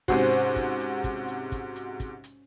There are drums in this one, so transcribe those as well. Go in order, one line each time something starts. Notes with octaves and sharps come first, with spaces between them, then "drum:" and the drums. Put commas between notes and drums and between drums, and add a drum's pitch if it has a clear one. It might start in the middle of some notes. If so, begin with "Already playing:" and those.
G#2 C3 C#4 F#4 C5, drum: kick, hi-hat
drum: hi-hat
drum: kick, hi-hat
drum: hi-hat
drum: kick, hi-hat
drum: hi-hat
drum: kick, hi-hat
drum: hi-hat
drum: kick, hi-hat
drum: hi-hat